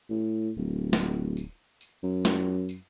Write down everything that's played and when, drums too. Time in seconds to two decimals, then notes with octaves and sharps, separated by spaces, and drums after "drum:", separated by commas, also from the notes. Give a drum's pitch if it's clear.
0.10 A2
0.57 D1
0.93 drum: snare
1.37 drum: tambourine
1.81 drum: tambourine
2.03 F#2
2.25 drum: snare
2.69 drum: tambourine